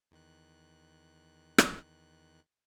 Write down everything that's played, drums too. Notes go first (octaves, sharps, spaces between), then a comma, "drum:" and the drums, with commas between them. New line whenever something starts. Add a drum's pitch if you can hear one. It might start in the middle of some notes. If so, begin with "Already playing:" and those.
E2 D#3 F#6
drum: rim click